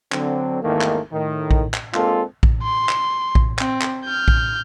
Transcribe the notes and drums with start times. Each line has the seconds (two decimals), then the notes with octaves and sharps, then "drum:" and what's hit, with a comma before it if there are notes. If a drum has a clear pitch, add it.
0.12 D3 F#3 C4, drum: clap
0.63 G#1 E2 D#3 A3 A#3
0.81 drum: clap
1.12 A2 D#3
1.51 drum: kick A#1
1.74 drum: clap
1.94 G#3 A#3 C4 D4 F4 A4, drum: clap
2.43 drum: kick A#1
2.63 C6
2.89 drum: clap
3.35 drum: kick A#1
3.59 C4, drum: clap
3.81 drum: clap
4.05 F6 G6
4.28 drum: kick A#1